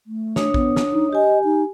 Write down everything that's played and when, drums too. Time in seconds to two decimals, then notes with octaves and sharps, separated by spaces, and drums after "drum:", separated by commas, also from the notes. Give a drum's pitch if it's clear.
0.07 A3
0.36 D4 C#5 D#6, drum: snare
0.54 B3, drum: kick A#1
0.76 drum: snare
0.92 D#4
1.13 G4 D#5 G#5
1.44 D#4